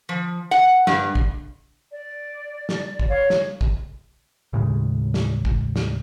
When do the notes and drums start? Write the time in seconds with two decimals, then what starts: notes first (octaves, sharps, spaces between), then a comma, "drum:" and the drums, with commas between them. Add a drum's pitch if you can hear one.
0.09 F3
0.51 F#5
0.87 G2, drum: snare
1.15 drum: kick
1.91 D5
2.69 drum: snare
2.99 drum: kick
3.09 C#5 F5
3.30 drum: snare
3.61 drum: kick
4.53 D#2 A2 C#3 G#3
5.14 drum: snare
5.45 drum: kick
5.76 drum: snare